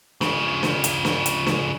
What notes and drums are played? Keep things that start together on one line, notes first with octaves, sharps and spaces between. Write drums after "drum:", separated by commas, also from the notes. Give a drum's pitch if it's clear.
C#3 F3, drum: snare
drum: snare
drum: hi-hat
drum: snare
drum: hi-hat
drum: snare